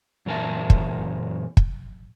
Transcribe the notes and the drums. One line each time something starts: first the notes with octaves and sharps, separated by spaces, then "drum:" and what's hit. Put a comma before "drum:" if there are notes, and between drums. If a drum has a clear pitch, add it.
F#2 A#2 E3 A#4 E5 A5
drum: kick
drum: kick